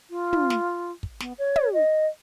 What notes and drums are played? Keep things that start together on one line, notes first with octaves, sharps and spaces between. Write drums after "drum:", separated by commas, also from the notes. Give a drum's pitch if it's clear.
F4
drum: tom
drum: snare
drum: kick
B3, drum: snare
C#5
drum: tom
D#5